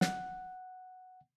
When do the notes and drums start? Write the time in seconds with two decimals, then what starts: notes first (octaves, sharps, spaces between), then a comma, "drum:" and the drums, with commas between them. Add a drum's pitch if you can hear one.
0.01 F#5, drum: snare